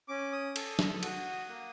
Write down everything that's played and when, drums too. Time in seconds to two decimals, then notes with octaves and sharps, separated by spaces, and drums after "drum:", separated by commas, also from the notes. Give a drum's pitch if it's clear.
0.08 C#4 D6
0.32 D#6
0.56 A4, drum: cymbal
0.79 drum: snare
1.03 F#4, drum: cymbal
1.49 A#3